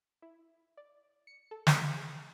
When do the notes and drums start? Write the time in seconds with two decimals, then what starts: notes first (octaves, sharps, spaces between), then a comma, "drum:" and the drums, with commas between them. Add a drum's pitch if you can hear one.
0.22 E4
0.77 D5
1.27 C#7
1.51 A4
1.67 G#3, drum: snare
1.97 G#4